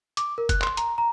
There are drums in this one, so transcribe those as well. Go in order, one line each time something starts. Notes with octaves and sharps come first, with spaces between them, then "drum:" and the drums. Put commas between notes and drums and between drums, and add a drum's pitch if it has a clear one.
D6, drum: hi-hat
A#4
F#6, drum: kick F#1, hi-hat
C6, drum: clap
A#5, drum: hi-hat
A#5